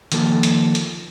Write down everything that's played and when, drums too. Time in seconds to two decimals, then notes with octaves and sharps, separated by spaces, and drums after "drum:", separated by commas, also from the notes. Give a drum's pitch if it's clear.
0.12 D#3 F3 A#3 A4, drum: hi-hat
0.43 drum: hi-hat
0.75 drum: hi-hat